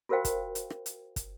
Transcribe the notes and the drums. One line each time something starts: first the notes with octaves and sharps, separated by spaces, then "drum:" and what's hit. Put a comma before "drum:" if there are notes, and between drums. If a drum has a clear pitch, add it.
F4 F#4 A#4 C5 F5 G5
drum: kick, hi-hat
drum: hi-hat
drum: rim click
drum: hi-hat
drum: kick, hi-hat